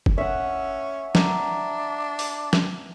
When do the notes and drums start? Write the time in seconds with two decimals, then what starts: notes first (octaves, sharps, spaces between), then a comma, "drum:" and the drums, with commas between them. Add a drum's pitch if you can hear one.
0.06 drum: kick F#1
0.18 C#4 E5 F#5
1.15 D4 E5 A#5, drum: snare
2.19 drum: open hi-hat
2.53 drum: snare